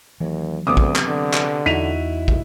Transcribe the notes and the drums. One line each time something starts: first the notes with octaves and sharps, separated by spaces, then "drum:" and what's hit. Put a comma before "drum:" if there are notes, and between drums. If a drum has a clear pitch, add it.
D#2 E3 F#3
D2 C3 B3 D6 D#6
drum: kick
drum: clap
D3
drum: clap
E2 D#4 E4 F#4 B6 D#7 F7
drum: kick